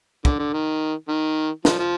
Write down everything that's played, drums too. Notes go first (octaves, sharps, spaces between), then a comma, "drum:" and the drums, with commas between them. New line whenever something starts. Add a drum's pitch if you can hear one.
D3, drum: kick
D3
D#3
D#3
F3, drum: snare
F3